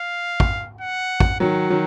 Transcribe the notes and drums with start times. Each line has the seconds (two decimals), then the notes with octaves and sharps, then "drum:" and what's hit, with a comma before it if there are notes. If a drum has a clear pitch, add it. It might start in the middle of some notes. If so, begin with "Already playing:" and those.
Already playing: F5
0.40 drum: kick
0.81 F#5
1.20 drum: kick
1.40 D#3 F#3 F#5
1.70 D#3 F#3